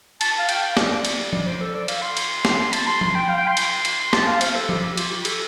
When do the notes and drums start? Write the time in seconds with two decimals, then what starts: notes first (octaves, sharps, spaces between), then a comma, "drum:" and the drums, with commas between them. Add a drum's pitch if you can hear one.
0.21 A5, drum: cymbal
0.39 F5
0.49 G5, drum: cymbal
0.63 F5
0.77 D5, drum: snare
1.05 drum: cymbal
1.33 D5, drum: tom F3
1.46 C5
1.61 A4
1.75 D5
1.88 F5, drum: cymbal
2.02 C6
2.17 drum: cymbal
2.45 drum: snare
2.73 A5, drum: cymbal
2.87 C6
3.01 C6, drum: tom F3
3.15 G5
3.29 F5
3.38 G5
3.48 C6
3.57 drum: cymbal
3.85 drum: cymbal
4.13 A5, drum: snare
4.27 F5
4.41 C5, drum: cymbal
4.55 A4
4.69 G4, drum: tom F3
4.83 G4
4.97 F4, drum: cymbal
5.11 G4
5.25 A4, drum: cymbal